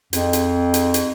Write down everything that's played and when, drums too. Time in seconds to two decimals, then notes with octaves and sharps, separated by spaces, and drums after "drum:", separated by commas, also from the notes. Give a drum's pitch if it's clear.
0.13 F2, drum: hi-hat
0.33 drum: hi-hat
0.74 drum: hi-hat
0.94 drum: hi-hat